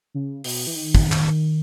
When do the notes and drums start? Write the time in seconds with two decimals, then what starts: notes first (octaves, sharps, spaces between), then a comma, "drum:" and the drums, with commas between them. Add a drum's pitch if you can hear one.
0.14 C#3
0.44 B2, drum: open hi-hat
0.67 E3
0.76 D#3
0.95 drum: kick
1.12 drum: clap